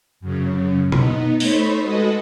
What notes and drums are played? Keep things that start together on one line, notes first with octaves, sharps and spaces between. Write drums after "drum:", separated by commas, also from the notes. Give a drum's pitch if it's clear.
F#2 C#3
B3 D#4, drum: tom B2
A3 D#4 C5 C#5 B5, drum: open hi-hat
G#3 F#4 A4 B4 D#5